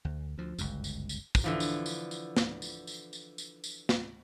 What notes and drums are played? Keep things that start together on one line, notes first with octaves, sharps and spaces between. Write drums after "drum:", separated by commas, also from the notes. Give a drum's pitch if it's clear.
D2
D2 F3
G1 C#2 F#2, drum: tambourine
drum: tambourine
drum: tambourine
drum: kick, tambourine
D3 E3 F3
drum: tambourine
drum: tambourine
drum: tambourine
drum: snare
drum: tambourine
drum: tambourine
drum: tambourine
drum: tambourine
drum: tambourine
drum: snare